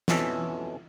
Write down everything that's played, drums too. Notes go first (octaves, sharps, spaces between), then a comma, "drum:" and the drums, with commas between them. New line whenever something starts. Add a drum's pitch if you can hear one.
F2 B2 E3 C#4 A4 E5, drum: snare